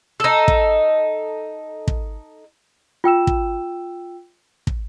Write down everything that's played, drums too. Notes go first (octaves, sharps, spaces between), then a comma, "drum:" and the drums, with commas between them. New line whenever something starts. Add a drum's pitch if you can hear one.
D#4 A4
drum: kick
drum: kick
F4 G5 E6 E7
drum: kick
drum: kick